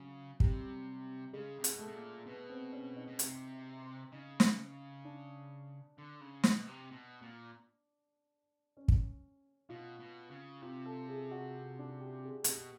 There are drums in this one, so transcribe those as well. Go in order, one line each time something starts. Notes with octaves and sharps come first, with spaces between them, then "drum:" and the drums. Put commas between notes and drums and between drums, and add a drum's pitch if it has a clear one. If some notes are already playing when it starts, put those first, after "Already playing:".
Already playing: C#3 F#3
C3 G3, drum: kick
C#3 G#3
C3
B2, drum: hi-hat
A3
B2
A#2
B2 B3
C4
C#4
D#4
B2
C3, drum: hi-hat
C#3 D#4
drum: snare
D4
D3
C#3
B2, drum: snare
C3
B2
A#2
C#4
drum: kick
B2 F4
B2
C#3
C3 F4
A4
G#4
F#4
D4
G4
G#4
C3, drum: hi-hat
B2 G4